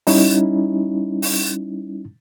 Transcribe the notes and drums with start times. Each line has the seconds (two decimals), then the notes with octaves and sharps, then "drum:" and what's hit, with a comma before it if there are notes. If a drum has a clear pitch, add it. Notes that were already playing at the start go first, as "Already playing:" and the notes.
0.07 G3 C#4 D#4 E4, drum: open hi-hat
1.22 drum: open hi-hat